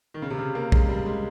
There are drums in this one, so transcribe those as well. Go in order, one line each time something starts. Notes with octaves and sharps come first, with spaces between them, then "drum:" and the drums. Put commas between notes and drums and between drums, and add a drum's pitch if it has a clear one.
D#3
C#3
C3
C#3
A#3
G#3, drum: kick
G3
G#3